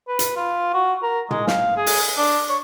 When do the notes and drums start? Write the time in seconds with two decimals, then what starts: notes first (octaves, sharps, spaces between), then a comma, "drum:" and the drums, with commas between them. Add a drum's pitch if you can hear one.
0.08 B4
0.19 drum: hi-hat
0.36 F4
0.73 F#4
1.03 A#4
1.31 G#3, drum: tom
1.47 F5, drum: snare
1.77 G#4
1.86 drum: open hi-hat
2.17 D4
2.49 C#5